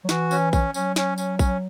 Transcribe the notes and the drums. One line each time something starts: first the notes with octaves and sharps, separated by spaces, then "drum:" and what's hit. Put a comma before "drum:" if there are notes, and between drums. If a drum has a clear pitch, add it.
F#3
E3 F#4, drum: snare
C#4, drum: tambourine
C#4, drum: kick A#1, tambourine
F#3 C#4, drum: tambourine
C#4, drum: snare
C#4, drum: tambourine
C#4, drum: kick A#1, tambourine